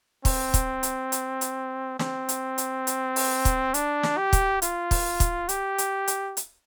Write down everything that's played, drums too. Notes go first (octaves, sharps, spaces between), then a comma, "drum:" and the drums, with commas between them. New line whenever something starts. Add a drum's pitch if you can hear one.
C4, drum: kick, open hi-hat
drum: kick, hi-hat
drum: hi-hat
drum: hi-hat
drum: hi-hat
C4, drum: snare
drum: hi-hat
drum: hi-hat
drum: hi-hat
drum: open hi-hat
drum: kick, hi-hat
D4, drum: hi-hat
drum: snare
G4
drum: kick, hi-hat
F4, drum: hi-hat
drum: kick, open hi-hat
drum: kick, hi-hat
G4, drum: hi-hat
drum: hi-hat
drum: hi-hat
drum: hi-hat